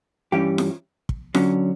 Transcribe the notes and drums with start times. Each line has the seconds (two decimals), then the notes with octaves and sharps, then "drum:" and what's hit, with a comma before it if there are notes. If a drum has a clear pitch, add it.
0.32 G2 E3 G3 C#4 G4
0.58 drum: snare F4
1.09 drum: kick
1.34 D3 F#3 C#4, drum: snare F4